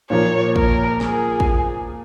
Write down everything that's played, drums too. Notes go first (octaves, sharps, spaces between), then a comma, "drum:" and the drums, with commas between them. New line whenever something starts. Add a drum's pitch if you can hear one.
A#2 F3 A#3 C#5
A#4, drum: kick
G#4, drum: snare
drum: kick